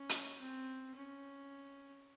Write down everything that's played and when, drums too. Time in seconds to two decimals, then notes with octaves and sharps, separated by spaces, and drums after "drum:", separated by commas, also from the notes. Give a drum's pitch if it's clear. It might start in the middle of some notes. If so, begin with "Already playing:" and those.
Already playing: C#4
0.09 drum: hi-hat
0.41 C4
0.95 C#4